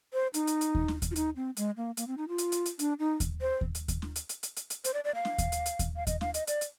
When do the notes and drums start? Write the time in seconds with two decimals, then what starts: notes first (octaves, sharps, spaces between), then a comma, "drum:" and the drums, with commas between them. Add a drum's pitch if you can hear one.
0.13 C5
0.34 D#4, drum: hi-hat
0.47 drum: hi-hat
0.61 drum: hi-hat
0.75 drum: kick D#2
0.88 drum: snare
1.02 drum: kick D#2, hi-hat
1.11 F4
1.16 D#4, drum: hi-hat
1.36 C4
1.57 G#3, drum: hi-hat
1.77 A#3
1.97 A#3, drum: hi-hat
2.07 C4
2.18 D#4
2.28 F4
2.38 drum: hi-hat
2.52 drum: hi-hat
2.66 drum: hi-hat
2.79 D4, drum: hi-hat
2.99 D#4
3.20 drum: kick D#2, hi-hat
3.41 C5
3.61 drum: kick D#2
3.75 drum: hi-hat
3.88 drum: kick D#2, hi-hat
4.02 drum: snare
4.16 drum: hi-hat
4.29 drum: hi-hat
4.43 drum: hi-hat
4.57 drum: hi-hat
4.70 drum: hi-hat
4.84 C5, drum: hi-hat
4.94 D5
5.04 D5
5.15 F5
5.25 drum: snare
5.38 drum: kick D#2, hi-hat
5.52 drum: hi-hat
5.66 drum: hi-hat
5.79 drum: kick D#2, hi-hat
5.96 F5
6.07 D#5, drum: kick D#2, hi-hat
6.21 F5, drum: snare
6.34 D#5, drum: hi-hat
6.47 D5, drum: hi-hat
6.61 drum: hi-hat